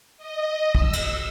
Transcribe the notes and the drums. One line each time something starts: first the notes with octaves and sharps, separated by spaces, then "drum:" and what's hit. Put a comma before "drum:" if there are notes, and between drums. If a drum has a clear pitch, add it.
D#5
E6, drum: kick
drum: cymbal